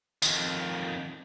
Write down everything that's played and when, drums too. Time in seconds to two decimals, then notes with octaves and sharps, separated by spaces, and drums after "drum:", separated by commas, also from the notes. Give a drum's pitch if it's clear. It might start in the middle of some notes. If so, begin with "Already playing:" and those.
0.22 F2 D#3, drum: tambourine